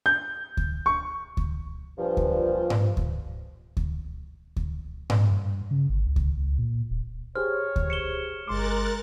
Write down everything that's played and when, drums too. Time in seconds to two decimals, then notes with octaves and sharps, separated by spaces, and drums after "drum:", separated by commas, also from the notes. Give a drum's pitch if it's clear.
0.06 G6
0.57 drum: kick D2
0.86 C#6
1.37 drum: kick D2
1.98 G2 A#2 F3
2.17 drum: kick D2
2.70 drum: tom G#2
2.97 drum: kick D2
3.77 drum: kick D2
4.56 drum: kick D2
5.10 drum: tom G#2
5.31 G2
5.71 C#3
5.89 G#1
6.07 C#2
6.16 drum: kick D2
6.37 C#2
6.59 A#2
6.91 D1
7.35 G4 G#4 C5 C#5 F6
7.76 drum: kick D2
7.90 C#7 E7 G7
8.48 G1 G#3 A#4 C6 D6 F#6 A6